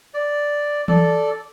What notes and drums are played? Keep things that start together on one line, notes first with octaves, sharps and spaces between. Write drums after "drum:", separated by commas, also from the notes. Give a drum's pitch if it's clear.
D5
A4 D5, drum: tom E3